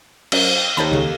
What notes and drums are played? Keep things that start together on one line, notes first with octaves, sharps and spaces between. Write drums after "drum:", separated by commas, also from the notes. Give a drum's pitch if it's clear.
F#3 C#4 A#4 C5, drum: cymbal
G5
D#2 D#4 G4 A#4 C5 C#5 A5 B5
C#2 C#3 G4 A4 F5